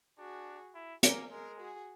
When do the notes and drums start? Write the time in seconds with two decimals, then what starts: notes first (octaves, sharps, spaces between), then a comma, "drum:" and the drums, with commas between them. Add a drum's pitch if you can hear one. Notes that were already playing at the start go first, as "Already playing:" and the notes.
0.18 D4 F#4 G#4
0.75 E4
1.03 A#3 G#4 A#4, drum: hi-hat
1.31 G#3 G#4 A#4
1.59 F#4 G#4